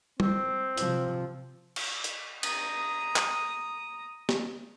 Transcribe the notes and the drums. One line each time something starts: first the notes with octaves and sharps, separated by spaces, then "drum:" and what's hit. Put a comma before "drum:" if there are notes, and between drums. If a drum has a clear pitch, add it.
C4, drum: tom G3
C3 F3, drum: hi-hat
drum: cymbal
drum: hi-hat
A#5 D#6, drum: cymbal
drum: clap
drum: snare